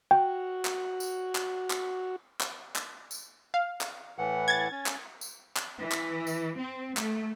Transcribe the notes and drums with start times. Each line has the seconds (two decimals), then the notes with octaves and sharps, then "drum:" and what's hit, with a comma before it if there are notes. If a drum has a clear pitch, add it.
0.11 F#4 G5
0.65 drum: clap
1.00 drum: tambourine
1.35 drum: clap
1.70 drum: clap
2.41 drum: clap
2.76 drum: clap
3.11 drum: tambourine
3.54 F5
3.81 drum: clap
4.18 A2 E3 F#5
4.48 G#6 A6
4.71 C#4
4.86 drum: clap
5.21 drum: tambourine
5.57 drum: clap
5.79 E3
5.92 drum: clap
6.27 drum: tambourine
6.58 C4
6.97 A3, drum: clap